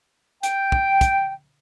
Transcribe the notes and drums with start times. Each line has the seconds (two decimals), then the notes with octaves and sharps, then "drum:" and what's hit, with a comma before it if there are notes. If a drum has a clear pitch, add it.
0.43 G5, drum: hi-hat
0.72 drum: kick
1.01 drum: kick, hi-hat